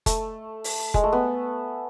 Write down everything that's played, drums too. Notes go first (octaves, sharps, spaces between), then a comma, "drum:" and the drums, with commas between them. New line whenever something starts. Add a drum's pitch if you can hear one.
A3, drum: kick F1, hi-hat
drum: open hi-hat
G#3, drum: kick F1
A3
B3